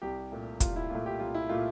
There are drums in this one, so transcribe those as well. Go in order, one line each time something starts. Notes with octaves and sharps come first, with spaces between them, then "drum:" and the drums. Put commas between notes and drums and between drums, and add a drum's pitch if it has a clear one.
C2 G4
A#2 A3
C2 F4, drum: kick, hi-hat
E4
A#2 A3 F4
G4
C2 F4
E4
A#2 A3 F4